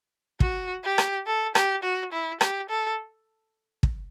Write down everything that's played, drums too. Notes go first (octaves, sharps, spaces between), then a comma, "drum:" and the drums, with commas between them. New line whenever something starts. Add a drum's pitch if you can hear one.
F#4, drum: kick
G4
drum: rim click
A4
G4, drum: rim click
F#4
E4
G4, drum: rim click
A4
drum: kick